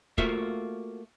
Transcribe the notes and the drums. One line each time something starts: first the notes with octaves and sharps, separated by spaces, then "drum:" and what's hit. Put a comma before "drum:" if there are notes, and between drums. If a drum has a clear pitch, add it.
A3 A#3 F4 F#4 C5 E5, drum: kick